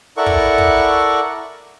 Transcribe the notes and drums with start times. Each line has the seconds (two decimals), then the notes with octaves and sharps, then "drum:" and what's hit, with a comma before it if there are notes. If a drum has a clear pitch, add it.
0.17 E4 A4 A#4 D5 F#5 C#6
0.26 drum: kick
0.58 drum: kick